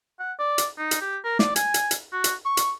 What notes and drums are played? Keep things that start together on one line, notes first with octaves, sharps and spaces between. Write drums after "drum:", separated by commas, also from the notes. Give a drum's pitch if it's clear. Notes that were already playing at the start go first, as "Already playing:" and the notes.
F#5
D5
drum: hi-hat
D#4
drum: hi-hat
G4
A#4
D5, drum: snare
G#5, drum: hi-hat
drum: hi-hat
drum: hi-hat
F#4
drum: hi-hat
C#6
drum: hi-hat